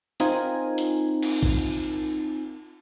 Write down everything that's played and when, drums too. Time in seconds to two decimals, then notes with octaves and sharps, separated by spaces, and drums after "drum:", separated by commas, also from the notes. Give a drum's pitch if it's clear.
0.20 C4 D#4 F4 A#4 G#5, drum: hi-hat
0.78 drum: hi-hat
1.23 drum: cymbal
1.43 drum: kick